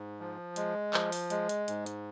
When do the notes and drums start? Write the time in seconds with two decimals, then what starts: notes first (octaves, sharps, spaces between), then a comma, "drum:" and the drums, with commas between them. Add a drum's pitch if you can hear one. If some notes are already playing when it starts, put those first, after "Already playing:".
Already playing: G#2
0.20 F3
0.56 G#3, drum: hi-hat
0.94 F3, drum: clap
1.12 drum: open hi-hat
1.30 G#3, drum: hi-hat
1.49 drum: hi-hat
1.68 G#2, drum: hi-hat
1.86 drum: hi-hat